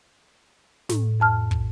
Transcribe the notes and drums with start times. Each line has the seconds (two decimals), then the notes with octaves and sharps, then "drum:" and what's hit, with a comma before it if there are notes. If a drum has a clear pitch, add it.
0.89 A2, drum: snare
1.20 F2 A5 F6
1.51 drum: kick